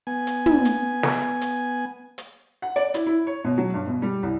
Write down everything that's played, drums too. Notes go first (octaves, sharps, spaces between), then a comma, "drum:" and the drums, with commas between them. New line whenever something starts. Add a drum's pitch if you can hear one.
B3 G#5
drum: hi-hat
drum: tom
drum: hi-hat
drum: snare
drum: hi-hat
drum: hi-hat
F#5
D5
E4, drum: hi-hat
E4
C#5
B2
F#3
G2
B2
G3
C2